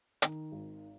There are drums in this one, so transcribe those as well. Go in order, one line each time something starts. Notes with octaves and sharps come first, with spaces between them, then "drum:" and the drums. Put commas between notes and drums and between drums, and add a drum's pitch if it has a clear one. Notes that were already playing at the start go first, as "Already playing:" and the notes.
D#3, drum: hi-hat
G#1